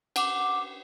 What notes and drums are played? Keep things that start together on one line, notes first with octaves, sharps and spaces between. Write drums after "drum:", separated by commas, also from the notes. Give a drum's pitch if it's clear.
F#5 D6, drum: cymbal